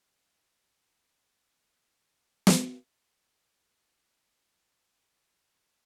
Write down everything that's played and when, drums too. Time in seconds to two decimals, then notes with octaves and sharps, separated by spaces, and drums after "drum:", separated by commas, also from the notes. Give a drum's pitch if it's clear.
0.13 C#5 D5
0.52 C3 G#4
0.77 E4
1.33 G3 A4 G#5
1.70 A3 C4 C#4 E5 F5
2.47 drum: snare
3.38 G#3
3.51 E2
3.72 G#6
3.91 F#3
4.20 G3
4.64 G#5
4.82 A5
4.95 C5
5.08 C#6
5.23 F#4
5.44 G#4
5.58 D#6
5.71 C5